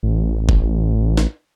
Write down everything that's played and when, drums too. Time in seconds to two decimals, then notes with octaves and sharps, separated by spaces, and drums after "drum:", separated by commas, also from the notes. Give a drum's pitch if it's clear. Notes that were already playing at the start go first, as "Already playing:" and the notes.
0.03 A1
0.49 drum: kick F1
1.17 drum: snare